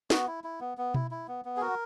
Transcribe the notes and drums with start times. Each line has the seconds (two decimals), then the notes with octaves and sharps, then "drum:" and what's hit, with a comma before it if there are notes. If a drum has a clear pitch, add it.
0.10 B3 F#4, drum: snare
0.27 E4
0.44 E4
0.60 B3
0.78 B3
0.94 E4, drum: tom B2
1.11 E4
1.28 B3
1.45 B3
1.57 G#4
1.61 F#4 A#4